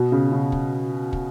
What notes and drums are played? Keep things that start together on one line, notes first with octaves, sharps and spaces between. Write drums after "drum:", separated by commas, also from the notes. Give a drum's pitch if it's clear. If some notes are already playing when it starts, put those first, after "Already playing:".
Already playing: B2
C#3
C#3
drum: kick
drum: kick